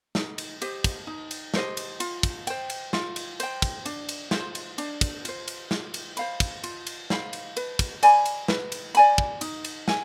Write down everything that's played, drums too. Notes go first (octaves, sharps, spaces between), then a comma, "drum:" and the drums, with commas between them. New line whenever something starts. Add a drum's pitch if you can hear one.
D#4, drum: snare
drum: cymbal
G4 C5 D#5, drum: cymbal
drum: kick, cymbal
D#4
drum: cymbal
G4 C5 D#5, drum: snare
drum: cymbal
F4, drum: cymbal
drum: kick, cymbal
C5 G5, drum: cymbal
drum: cymbal
F4, drum: snare
drum: cymbal
C5 G5, drum: cymbal
drum: kick, cymbal
D4, drum: cymbal
drum: cymbal
F4 C5, drum: snare
drum: cymbal
D4, drum: cymbal
drum: kick, cymbal
F4 C5, drum: cymbal
drum: cymbal
F4, drum: snare
drum: cymbal
C5 F5 B5, drum: cymbal
drum: kick, cymbal
F4, drum: cymbal
drum: cymbal
C5 F5 B5, drum: snare
drum: cymbal
B4, drum: cymbal
drum: kick, cymbal
D5 G#5 B5, drum: cymbal
drum: cymbal
B4, drum: snare
drum: cymbal
D5 G#5 B5, drum: cymbal
drum: kick
D#4, drum: cymbal
drum: cymbal
G#5, drum: snare